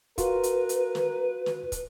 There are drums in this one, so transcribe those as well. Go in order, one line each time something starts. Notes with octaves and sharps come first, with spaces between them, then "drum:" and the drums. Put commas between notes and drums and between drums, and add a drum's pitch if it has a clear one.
F4 F#4 A#4 B4, drum: kick, hi-hat
drum: hi-hat
drum: hi-hat
drum: snare
drum: snare
drum: kick, hi-hat